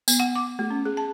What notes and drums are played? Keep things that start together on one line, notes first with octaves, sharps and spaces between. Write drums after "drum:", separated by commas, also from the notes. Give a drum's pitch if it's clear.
B3, drum: tambourine
F#5
D6
A3
C#4
G#4
A5